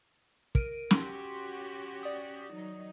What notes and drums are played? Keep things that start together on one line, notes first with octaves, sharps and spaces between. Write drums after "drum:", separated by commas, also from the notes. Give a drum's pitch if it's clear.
A#4 D7 D#7, drum: kick
C#4 F#4 G4 C6, drum: snare
D5 D#6
D#3 F#3 D#4